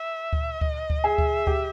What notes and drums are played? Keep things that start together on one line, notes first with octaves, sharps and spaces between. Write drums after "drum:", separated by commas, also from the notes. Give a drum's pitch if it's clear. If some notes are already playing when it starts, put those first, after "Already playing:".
Already playing: E5
drum: kick D2
D#5, drum: kick D2
drum: kick D2
G#4 E5
drum: kick D2
G4, drum: kick D2